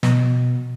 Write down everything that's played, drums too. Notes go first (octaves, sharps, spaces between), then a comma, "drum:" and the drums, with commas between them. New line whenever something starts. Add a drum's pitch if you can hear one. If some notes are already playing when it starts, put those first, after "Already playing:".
B2, drum: snare